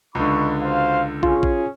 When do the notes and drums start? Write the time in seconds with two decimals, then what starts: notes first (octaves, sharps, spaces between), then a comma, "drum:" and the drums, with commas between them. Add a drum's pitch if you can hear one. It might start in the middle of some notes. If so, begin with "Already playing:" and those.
0.15 C#2 D3 D#4 B5 C#6
0.62 F#4 C5 F5
1.23 C#4 F4 G#4, drum: kick
1.43 drum: kick